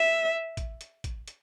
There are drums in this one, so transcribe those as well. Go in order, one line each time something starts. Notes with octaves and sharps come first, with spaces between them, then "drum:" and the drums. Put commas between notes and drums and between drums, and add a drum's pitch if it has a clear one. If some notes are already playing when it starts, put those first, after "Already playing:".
Already playing: E5
drum: kick A1, hi-hat
drum: hi-hat
drum: kick A1, hi-hat
drum: hi-hat